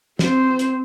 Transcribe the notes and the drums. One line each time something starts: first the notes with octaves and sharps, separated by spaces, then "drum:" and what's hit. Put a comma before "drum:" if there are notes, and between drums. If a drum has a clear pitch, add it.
C4 C5, drum: snare
drum: hi-hat